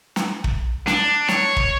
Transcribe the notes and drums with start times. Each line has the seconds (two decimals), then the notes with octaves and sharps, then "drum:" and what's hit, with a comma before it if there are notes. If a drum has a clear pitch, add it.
0.16 drum: snare
0.44 drum: kick
0.87 D4, drum: snare
1.28 C#5, drum: snare
1.57 drum: kick